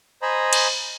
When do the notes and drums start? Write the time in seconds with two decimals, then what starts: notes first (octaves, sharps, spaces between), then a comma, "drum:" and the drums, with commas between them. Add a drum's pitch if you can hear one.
0.22 C5 D#5 G#5 A#5 B5
0.53 drum: cymbal